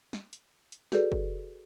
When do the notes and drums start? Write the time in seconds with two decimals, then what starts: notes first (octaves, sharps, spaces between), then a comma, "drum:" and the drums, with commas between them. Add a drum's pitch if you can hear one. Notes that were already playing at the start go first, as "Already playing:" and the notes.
0.13 drum: snare
0.33 drum: hi-hat
0.72 drum: hi-hat
0.92 F#4 G#4 A4 B4 D5, drum: snare
1.12 drum: kick